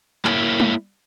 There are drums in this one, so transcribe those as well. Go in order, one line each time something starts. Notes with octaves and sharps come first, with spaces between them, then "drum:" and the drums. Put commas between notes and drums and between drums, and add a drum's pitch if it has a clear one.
A#3 E4 A#4 C#5 E5 G5, drum: clap
drum: tom